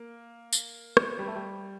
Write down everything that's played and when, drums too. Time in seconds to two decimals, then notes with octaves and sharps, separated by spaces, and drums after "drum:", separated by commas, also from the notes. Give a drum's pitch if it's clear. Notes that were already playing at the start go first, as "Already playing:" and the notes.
Already playing: A#3
0.53 drum: tambourine
0.97 drum: rim click
1.19 G3
1.27 A3
1.36 G3